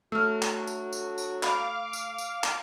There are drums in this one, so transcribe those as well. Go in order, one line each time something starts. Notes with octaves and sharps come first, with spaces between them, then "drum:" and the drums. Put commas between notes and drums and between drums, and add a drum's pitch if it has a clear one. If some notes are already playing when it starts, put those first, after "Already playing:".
F#3 A3 D4 F#4 E6 F6
drum: clap
drum: tambourine
drum: tambourine
drum: tambourine
F5 B5 D6, drum: clap
drum: tambourine
drum: tambourine
drum: clap